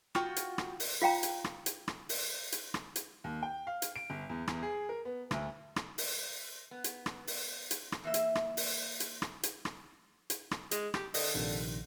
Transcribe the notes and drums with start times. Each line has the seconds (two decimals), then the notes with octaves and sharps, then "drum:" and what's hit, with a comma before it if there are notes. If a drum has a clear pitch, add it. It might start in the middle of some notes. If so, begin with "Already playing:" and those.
0.15 F4 F#4 G5, drum: rim click
0.36 drum: hi-hat
0.58 drum: rim click
0.80 drum: open hi-hat
1.02 F4 F5 G5 A#5
1.23 drum: hi-hat
1.44 drum: rim click
1.66 drum: hi-hat
1.88 drum: rim click
2.09 drum: open hi-hat
2.52 drum: hi-hat
2.74 drum: rim click
2.96 drum: hi-hat
3.24 D#2
3.43 G5
3.67 F5
3.82 drum: hi-hat
3.96 D7
4.10 G1
4.30 E2
4.48 E2, drum: rim click
4.63 G#4
4.89 A#4
5.05 B3
5.31 D2, drum: rim click
5.76 drum: rim click
5.98 drum: open hi-hat
6.71 B3
6.84 drum: hi-hat
7.06 drum: rim click
7.27 drum: open hi-hat
7.71 drum: hi-hat
7.92 drum: rim click
8.03 E3 A#3 E5
8.14 drum: hi-hat
8.35 drum: rim click
8.57 drum: open hi-hat
9.00 drum: hi-hat
9.22 drum: rim click
9.43 drum: hi-hat
9.65 drum: rim click
10.30 drum: hi-hat
10.51 drum: rim click
10.71 G#3, drum: hi-hat
10.94 G4, drum: rim click
11.14 D3 D#5, drum: open hi-hat
11.34 A#1 C3 D#3